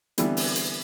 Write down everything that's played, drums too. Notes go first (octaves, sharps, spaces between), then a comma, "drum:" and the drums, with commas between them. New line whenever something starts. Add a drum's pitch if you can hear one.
D3 E3 G3 B3 C4, drum: hi-hat
drum: open hi-hat
drum: hi-hat